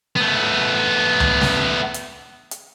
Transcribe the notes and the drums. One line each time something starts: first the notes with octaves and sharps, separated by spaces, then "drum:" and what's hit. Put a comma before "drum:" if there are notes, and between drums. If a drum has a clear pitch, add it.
A3 B3
drum: tom C#2
drum: snare
drum: hi-hat
drum: hi-hat